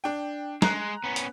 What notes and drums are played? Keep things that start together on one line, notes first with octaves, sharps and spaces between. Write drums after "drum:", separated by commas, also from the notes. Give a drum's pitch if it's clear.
D4 G5
G#3 A#5 F#6, drum: snare
B3 C#4
drum: hi-hat